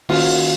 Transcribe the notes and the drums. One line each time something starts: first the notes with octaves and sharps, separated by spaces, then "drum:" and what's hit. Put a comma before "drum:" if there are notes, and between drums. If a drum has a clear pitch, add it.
D#3 A#3 C#4 F4 F#4, drum: cymbal